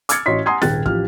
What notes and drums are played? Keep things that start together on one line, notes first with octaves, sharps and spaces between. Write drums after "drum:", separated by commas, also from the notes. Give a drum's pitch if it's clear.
D6 E6 F6 G#6 A6 C#7, drum: hi-hat
A1 F#4 C#5 D#5 C6 B6
F#5 G#5 A#5 C6 D#6 G#6
D#1 G#1 G#4 G5 F#6 A6, drum: snare
A1 F3 G4 F6, drum: kick